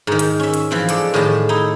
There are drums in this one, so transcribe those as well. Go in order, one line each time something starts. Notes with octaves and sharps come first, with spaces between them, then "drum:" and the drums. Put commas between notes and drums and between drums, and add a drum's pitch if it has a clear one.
G#2 D#3
drum: hi-hat
C#4 E5
drum: hi-hat
E3 F3 C4
G#3 A4 D5, drum: hi-hat
A2 D#3 G#3 G4 A5
D#4 E4